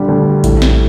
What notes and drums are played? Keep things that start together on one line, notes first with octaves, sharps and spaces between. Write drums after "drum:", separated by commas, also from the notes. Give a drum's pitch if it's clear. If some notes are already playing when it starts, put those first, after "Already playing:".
Already playing: A#1 D3 G3
D2
A2, drum: kick A#1, hi-hat
drum: snare